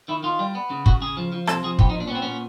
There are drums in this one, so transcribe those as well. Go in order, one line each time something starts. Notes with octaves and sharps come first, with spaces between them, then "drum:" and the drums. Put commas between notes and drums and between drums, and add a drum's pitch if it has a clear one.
D#3 E4
D#3 F4
G3
B3
C#3
C#3 F#4, drum: kick
C#3 G#4
F3
F3
C3 A4, drum: rim click
F3 G#4
B3 G4, drum: kick
D#4
A#2
D4
C#4
B3
C4
A#2 C#4